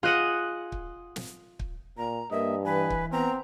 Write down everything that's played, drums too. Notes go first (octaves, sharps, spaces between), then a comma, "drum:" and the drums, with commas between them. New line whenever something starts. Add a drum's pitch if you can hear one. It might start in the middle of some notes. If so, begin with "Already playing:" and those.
F4 G#4 D#5 F#5 F#6 D#7
drum: kick
drum: snare
drum: kick
A#2 A#5
G2 A#3 D#5 E5
E3 B4 G#5
drum: kick
B3 C4 A#5